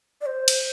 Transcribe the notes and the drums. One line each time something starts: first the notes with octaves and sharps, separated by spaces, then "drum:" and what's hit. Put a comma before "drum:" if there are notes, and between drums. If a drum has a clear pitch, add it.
D5
C5
drum: cymbal